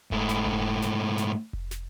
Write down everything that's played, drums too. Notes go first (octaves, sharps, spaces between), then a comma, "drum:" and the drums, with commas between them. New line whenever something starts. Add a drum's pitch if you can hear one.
G#2 A3, drum: kick F1
drum: snare
drum: kick F1
drum: snare
drum: snare
drum: kick F1
drum: snare